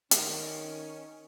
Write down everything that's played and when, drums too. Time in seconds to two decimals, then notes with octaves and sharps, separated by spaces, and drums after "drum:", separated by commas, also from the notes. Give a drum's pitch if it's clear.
0.11 D#3 C#4, drum: hi-hat